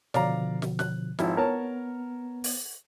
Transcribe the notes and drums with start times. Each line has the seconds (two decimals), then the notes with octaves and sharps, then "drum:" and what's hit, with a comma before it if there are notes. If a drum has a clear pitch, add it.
0.14 B2 D3 F3 D5 F5 A#5, drum: snare
0.62 drum: snare
0.79 F#6, drum: snare
1.19 G#1 F3 E4 F4, drum: snare
1.37 B3 A#4 C#5 A5
2.44 drum: open hi-hat